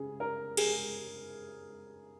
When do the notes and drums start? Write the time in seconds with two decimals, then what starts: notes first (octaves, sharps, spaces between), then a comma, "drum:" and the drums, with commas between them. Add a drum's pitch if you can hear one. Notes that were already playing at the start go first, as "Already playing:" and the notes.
Already playing: C#3 G#4
0.20 A#4
0.57 G#4, drum: cymbal